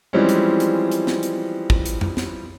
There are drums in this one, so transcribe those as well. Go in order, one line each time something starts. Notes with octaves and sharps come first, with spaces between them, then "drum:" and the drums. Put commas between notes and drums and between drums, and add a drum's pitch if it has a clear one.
E3 F3 G3 G#3 C4 C#4
drum: hi-hat
drum: hi-hat
drum: hi-hat
drum: snare
drum: hi-hat
drum: kick
drum: hi-hat
drum: tom F2
drum: snare